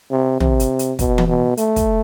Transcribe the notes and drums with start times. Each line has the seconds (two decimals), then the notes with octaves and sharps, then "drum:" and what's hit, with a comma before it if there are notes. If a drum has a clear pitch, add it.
0.11 C3
0.40 C3, drum: tom
0.60 drum: hi-hat
0.79 drum: hi-hat
0.99 B2, drum: kick, hi-hat
1.18 drum: tom E3
1.28 B2
1.57 A3, drum: hi-hat
1.76 drum: kick, hi-hat